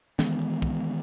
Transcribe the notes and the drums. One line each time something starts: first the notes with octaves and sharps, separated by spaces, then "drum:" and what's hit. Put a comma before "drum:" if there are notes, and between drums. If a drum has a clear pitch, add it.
D#3 E3 G#3 B3, drum: snare
drum: kick